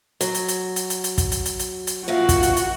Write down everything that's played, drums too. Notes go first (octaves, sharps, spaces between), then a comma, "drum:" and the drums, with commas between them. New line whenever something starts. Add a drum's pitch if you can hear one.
F#3, drum: hi-hat
drum: hi-hat
drum: hi-hat
drum: hi-hat
drum: hi-hat
drum: hi-hat
drum: kick, hi-hat
drum: hi-hat
drum: hi-hat
drum: hi-hat
drum: hi-hat
A#2 F#4 E5 F5
drum: kick, hi-hat
drum: hi-hat
drum: hi-hat